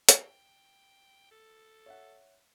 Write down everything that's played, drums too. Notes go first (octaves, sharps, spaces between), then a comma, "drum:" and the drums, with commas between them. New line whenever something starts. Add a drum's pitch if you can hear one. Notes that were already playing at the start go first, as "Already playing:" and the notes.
G5, drum: hi-hat
A4
C#5 E5 F#5